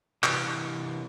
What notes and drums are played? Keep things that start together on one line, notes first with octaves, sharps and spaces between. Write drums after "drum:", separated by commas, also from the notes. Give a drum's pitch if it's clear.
C3 E3, drum: clap